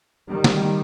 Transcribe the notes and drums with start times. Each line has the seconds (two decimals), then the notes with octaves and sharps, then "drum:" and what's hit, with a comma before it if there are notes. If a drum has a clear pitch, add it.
0.29 D#3 G3
0.44 drum: snare